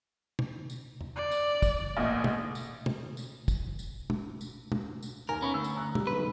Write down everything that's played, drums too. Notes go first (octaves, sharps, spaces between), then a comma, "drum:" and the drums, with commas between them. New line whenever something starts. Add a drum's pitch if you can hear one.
drum: tom B2
drum: tambourine
drum: tom E2
D5
drum: tambourine
drum: kick, tambourine
A1 A#2 D#5
drum: tom B2
drum: tambourine
drum: tom B2
drum: tambourine
drum: kick, tambourine
drum: tambourine
drum: tom
drum: tambourine
drum: tom
drum: tambourine
D#2 A#4 G#5
B3 C#4 B5 C#6
D2 E6
drum: tambourine
A#5 F#6
G3, drum: tom
E1 B1 B4